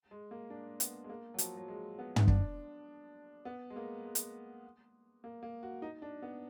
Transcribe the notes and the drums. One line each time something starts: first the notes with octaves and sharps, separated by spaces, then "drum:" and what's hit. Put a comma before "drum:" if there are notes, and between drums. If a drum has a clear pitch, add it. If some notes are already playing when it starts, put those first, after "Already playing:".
G#3
A#3
D4
B3, drum: hi-hat
G#3
A#3
F#3
F3, drum: hi-hat
F#3
G#3
B3
B3, drum: tom
D4, drum: kick
B3
G#3
A#3
G#3
drum: hi-hat
A#3
A#3
F#4
D#4
D4
B3